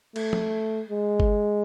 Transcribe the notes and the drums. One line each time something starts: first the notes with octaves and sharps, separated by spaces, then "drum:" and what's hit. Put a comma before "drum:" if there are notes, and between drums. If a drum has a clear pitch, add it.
A3, drum: cymbal
drum: tom F3
G#3
drum: kick G1